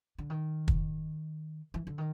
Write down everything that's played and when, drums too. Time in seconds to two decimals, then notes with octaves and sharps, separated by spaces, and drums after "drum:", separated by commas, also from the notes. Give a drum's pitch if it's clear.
0.19 D3
0.30 D#3
0.68 drum: kick
1.74 E3
1.87 D3
1.98 D#3